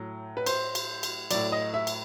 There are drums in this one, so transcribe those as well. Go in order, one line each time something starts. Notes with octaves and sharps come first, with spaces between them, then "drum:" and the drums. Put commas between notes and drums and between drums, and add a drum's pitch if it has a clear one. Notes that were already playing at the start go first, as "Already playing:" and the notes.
Already playing: A2 F#3
B4
C5, drum: cymbal
drum: cymbal
drum: cymbal
A2 F#3 D5, drum: cymbal
D#5
E5
drum: cymbal